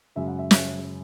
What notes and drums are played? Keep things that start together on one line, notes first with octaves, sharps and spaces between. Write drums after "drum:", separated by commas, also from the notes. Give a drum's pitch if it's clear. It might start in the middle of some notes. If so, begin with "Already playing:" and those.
F#2 C#3 G#3 E5
F#5
E5
E5, drum: snare